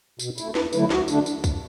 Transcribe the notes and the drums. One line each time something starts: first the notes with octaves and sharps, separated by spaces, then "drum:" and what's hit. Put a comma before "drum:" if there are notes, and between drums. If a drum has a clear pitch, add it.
B2, drum: tambourine
A3 E4, drum: tambourine
E2 B4, drum: snare
D3 F#3 A3 E4 B4, drum: tambourine
D2 F#4, drum: snare
D3 A3 D4, drum: tambourine
drum: tambourine
drum: kick, tambourine